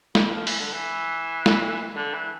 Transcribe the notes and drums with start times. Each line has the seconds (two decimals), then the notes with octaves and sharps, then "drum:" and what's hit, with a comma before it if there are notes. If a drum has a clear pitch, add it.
0.15 D3, drum: snare
0.33 F3
0.47 E3, drum: open hi-hat
0.59 D3
0.73 E3
1.46 drum: snare
1.96 D3
2.14 E3